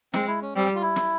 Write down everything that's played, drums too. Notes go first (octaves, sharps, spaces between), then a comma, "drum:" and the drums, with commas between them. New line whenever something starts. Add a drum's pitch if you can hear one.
G#3 C4, drum: snare
E4
C#4
G3 C4
F4
E4
drum: snare